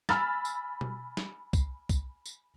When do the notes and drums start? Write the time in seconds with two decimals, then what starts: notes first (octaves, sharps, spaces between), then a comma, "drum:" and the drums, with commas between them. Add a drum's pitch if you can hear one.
0.09 G#5 B5 E6 F6 A6, drum: snare
0.45 drum: tambourine
0.81 drum: tom B2
1.17 drum: snare
1.53 drum: kick, tambourine
1.89 drum: kick, tambourine
2.26 drum: tambourine